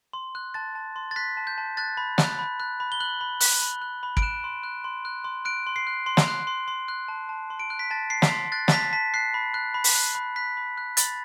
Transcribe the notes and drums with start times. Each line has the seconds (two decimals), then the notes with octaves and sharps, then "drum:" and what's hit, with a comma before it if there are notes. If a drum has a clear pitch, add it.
0.13 C6
0.35 F#6
0.54 A5 A6
0.75 A5
0.96 C6
1.11 A6
1.16 F#6 B6
1.37 A5
1.47 G6
1.58 A5
1.77 F#6 A6
1.97 B5
2.18 F#6, drum: snare
2.39 B5
2.60 F#6
2.80 B5
2.92 G7
3.00 F#6 F#7
3.21 B5
3.40 F#6, drum: open hi-hat
3.62 B5
3.82 F#6
4.03 B5
4.17 D7, drum: kick
4.22 F#6 E7
4.44 C6
4.64 F#6
4.84 C6
5.05 F#6
5.24 C6
5.45 F#6 D7
5.67 C6
5.76 C7
5.87 F#6
6.06 C6
6.17 drum: snare
6.28 F#6
6.47 C6
6.68 C6
6.88 F#6
7.08 A5
7.29 A5
7.50 C6
7.60 D7
7.70 F#6
7.79 B6
7.91 A5 A6
8.10 A5 C7
8.22 B6, drum: snare
8.32 C6
8.52 F#6 A6
8.68 A6, drum: snare
8.72 A5 B6
8.93 A5 B6
9.14 F#6 C7
9.34 B5
9.54 F#6
9.74 B5
9.84 drum: open hi-hat
9.95 F#6
10.15 B5
10.36 F#6 B6
10.57 B5
10.78 F#6
10.97 B5 A6, drum: hi-hat